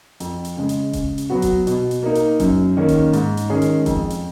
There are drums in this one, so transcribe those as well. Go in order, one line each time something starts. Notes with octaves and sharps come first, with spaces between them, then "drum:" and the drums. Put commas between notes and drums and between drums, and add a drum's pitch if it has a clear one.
F2, drum: hi-hat
drum: hi-hat
C#3 G#3
drum: hi-hat
C#3, drum: kick E1, hi-hat
drum: hi-hat
F#3 B3 F#4
drum: kick E1, hi-hat
B2, drum: hi-hat
drum: hi-hat
A#3 D#4 A#4
drum: hi-hat
F#2, drum: kick E1, hi-hat
D#3 A#3 C#4
drum: kick E1, hi-hat
G#2, drum: hi-hat
drum: hi-hat
D#3 G#3 C#4 G#4
drum: hi-hat
F2, drum: kick E1, hi-hat
drum: hi-hat